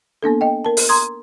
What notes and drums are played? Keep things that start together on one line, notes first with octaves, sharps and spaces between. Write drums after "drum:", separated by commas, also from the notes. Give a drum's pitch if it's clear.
A#3 B3 D4 A4
D#5 G5
A#4 A5
drum: open hi-hat
A#5 C6 D#6 G#6